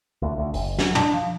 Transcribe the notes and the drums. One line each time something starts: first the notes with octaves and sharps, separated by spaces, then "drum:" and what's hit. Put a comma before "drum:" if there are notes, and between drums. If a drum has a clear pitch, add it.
D2
D2
F#1, drum: open hi-hat
F#2, drum: snare
D4, drum: tom
F3